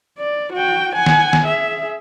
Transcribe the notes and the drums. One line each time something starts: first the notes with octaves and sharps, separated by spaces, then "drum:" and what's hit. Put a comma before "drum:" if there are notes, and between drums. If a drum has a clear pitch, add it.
D5
F#4 G5
F#5 G#5
drum: snare
drum: snare
G#4 E5